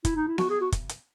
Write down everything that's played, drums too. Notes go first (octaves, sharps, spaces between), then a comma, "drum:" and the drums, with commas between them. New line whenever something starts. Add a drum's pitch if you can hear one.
E4, drum: kick, hi-hat
D#4
E4
F#4, drum: snare B3
G#4
F#4
drum: kick, hi-hat
drum: hi-hat